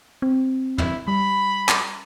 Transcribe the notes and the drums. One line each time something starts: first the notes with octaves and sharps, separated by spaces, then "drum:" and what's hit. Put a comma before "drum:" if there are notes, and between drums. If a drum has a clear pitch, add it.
C4
E4, drum: tom
G3 B5
drum: clap